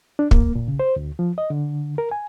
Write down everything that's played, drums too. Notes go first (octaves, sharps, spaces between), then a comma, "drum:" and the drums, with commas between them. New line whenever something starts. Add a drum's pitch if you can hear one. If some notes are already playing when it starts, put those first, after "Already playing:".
D4
A#3, drum: kick
A#2
C#3
C5
D2
F3
D#5
D3
A#4
G#5